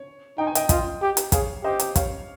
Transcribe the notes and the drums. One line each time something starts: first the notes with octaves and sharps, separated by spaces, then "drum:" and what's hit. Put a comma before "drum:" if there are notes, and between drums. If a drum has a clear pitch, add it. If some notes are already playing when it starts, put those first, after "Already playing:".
Already playing: C#5
D#4 G5
G#5
D#5 G5, drum: hi-hat
F4 D#5 G5, drum: kick, hi-hat
G4
drum: hi-hat
G#4 C#5 F5, drum: kick, hi-hat
G4 C5 D#5
drum: hi-hat
C#5 F5, drum: kick, hi-hat